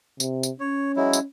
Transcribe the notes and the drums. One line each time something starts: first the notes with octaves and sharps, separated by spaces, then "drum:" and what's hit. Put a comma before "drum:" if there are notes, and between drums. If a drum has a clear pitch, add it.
C3, drum: tambourine
drum: tambourine
C#4 C#5
F#3 G#3 E4
drum: tambourine